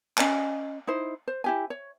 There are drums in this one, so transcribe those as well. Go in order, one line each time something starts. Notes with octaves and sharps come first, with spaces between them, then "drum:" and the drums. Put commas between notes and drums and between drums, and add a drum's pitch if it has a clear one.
C#4 D#5 G#5, drum: clap
D#4 E4 C5
C5
E4 G4 G#5
C#5